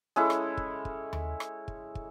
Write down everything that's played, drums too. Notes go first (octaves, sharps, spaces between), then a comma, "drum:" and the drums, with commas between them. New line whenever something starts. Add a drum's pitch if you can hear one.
G#3 C#4 E4 A4
drum: rim click
drum: kick
drum: kick
drum: tom D#2
drum: rim click
drum: kick
drum: kick